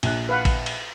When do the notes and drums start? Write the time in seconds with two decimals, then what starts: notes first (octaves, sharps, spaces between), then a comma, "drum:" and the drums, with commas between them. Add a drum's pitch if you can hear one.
0.03 A#1 F#6, drum: cymbal
0.29 B4 F5 F#5
0.45 drum: kick A1, cymbal
0.66 drum: cymbal